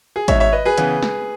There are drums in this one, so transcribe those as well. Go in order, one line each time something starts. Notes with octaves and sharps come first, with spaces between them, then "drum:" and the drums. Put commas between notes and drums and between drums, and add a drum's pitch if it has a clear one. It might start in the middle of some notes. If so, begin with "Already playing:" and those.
G#4
B2 G#3 D#4 C#5 E5, drum: kick G#1, hi-hat
C#5 E5
B4 D#5
G#4 B4
C#3 E3 B3, drum: hi-hat
drum: snare